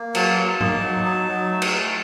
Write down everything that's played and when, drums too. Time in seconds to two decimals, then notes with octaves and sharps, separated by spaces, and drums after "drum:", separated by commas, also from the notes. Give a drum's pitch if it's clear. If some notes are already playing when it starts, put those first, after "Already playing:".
Already playing: A#3
0.15 F#3 A5, drum: cymbal
0.37 A#3
0.60 D#4, drum: tom G#2
0.83 F#3
1.06 D#4
1.29 F#3
1.51 A3
1.62 drum: cymbal
1.73 A3